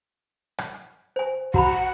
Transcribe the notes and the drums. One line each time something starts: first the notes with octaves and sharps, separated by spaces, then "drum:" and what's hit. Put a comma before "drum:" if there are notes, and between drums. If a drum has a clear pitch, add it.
drum: rim click
C5 G#5
F#4 F#5 A#5 B5, drum: kick